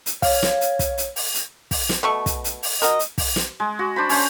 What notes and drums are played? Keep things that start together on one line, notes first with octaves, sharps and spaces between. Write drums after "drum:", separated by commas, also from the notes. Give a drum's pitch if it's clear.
drum: hi-hat
C#5 F5, drum: kick, open hi-hat
drum: snare
drum: hi-hat
drum: kick, hi-hat
drum: hi-hat
drum: open hi-hat
drum: hi-hat
drum: kick, open hi-hat
drum: snare
B2 A3 C#6
drum: kick, hi-hat
drum: hi-hat
drum: open hi-hat
F#4 A#4 D#5, drum: hi-hat
drum: hi-hat
drum: kick, open hi-hat
drum: snare
G#3
F#4
D4 C5 B5
C#4 C5, drum: open hi-hat